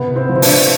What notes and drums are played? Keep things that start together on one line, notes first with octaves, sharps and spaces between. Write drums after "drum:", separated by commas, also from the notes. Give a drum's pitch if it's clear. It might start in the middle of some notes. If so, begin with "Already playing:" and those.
Already playing: C3 B3
C4
F3
C4
D4, drum: open hi-hat